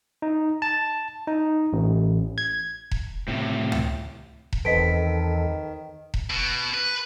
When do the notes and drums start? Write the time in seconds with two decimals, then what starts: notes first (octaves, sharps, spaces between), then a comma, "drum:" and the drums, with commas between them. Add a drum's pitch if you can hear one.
0.22 D#4
0.62 A5
1.27 D#4
1.73 A1
2.38 G#6
2.91 drum: kick E1
3.28 A2 C3
3.72 drum: tom
4.53 drum: kick E1
4.65 E2 D#3 B3 C4 A4 D#5 B6 D7
6.14 drum: kick E1
6.30 B2
6.74 B4